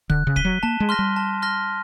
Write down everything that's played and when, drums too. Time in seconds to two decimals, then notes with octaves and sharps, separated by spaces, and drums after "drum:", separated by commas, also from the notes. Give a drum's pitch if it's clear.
0.10 D3 F#6, drum: kick
0.27 C#3
0.36 B6 D#7 G7, drum: kick
0.45 F#3
0.63 A#3 A5
0.80 G#3
0.89 C6 F6 A#6
0.99 G3
1.16 A5
1.42 C6 F6 A#6